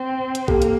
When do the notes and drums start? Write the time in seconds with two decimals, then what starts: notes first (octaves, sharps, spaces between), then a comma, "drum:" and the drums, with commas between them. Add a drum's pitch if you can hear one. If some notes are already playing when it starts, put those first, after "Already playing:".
Already playing: C4
0.35 drum: hi-hat
0.48 A#3 G4 A4, drum: kick A#1
0.62 drum: hi-hat